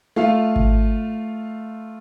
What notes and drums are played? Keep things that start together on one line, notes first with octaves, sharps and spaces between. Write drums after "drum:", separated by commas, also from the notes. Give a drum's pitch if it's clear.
A3 F4 F5
drum: kick G#1